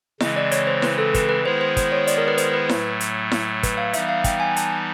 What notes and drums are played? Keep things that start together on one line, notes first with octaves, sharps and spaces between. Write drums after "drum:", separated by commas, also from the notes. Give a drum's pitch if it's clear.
C#3 E3 G#3 C4 D#5, drum: snare E4
D5
C#5, drum: hi-hat
C5
B4, drum: snare E4
A4
B4, drum: kick, hi-hat
B4
D#3 G#3 B3 E4 G#4 C5
C5
C5, drum: kick, hi-hat
C#5
D5, drum: hi-hat
A#4
B4
C5, drum: hi-hat
B4
A2 F#3 A3, drum: snare E4
drum: hi-hat
drum: snare E4
B4, drum: kick, hi-hat
F5
E3 G3 B3 D#4 E5, drum: hi-hat
F5
G5, drum: kick, hi-hat
G#5
A5, drum: hi-hat